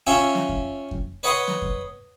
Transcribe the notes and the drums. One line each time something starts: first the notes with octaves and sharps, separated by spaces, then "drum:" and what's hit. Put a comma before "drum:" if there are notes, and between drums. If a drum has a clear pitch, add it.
C#4 F4 C#5 E5 G5
drum: snare
drum: kick F2
drum: kick F2
B4 C#5 D#5 F#5 B5 C6
drum: snare
drum: kick F2